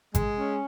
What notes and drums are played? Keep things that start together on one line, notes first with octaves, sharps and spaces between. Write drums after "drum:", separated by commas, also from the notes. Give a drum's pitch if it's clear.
G#3, drum: kick G#1, hi-hat
C#4